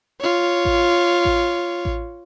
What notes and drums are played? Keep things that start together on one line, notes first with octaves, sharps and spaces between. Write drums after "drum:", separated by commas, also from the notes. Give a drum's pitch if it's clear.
F4 C#5
drum: kick A1
drum: kick A1
drum: kick A1